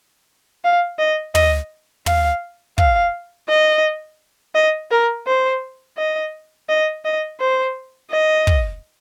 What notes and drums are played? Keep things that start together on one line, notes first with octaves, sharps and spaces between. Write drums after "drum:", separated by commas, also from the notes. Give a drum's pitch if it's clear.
F5
D#5
D#5, drum: tom
F5, drum: tom
F5, drum: kick
D#5
D#5
A#4
C5
D#5
D#5
D#5
C5
D#5
drum: kick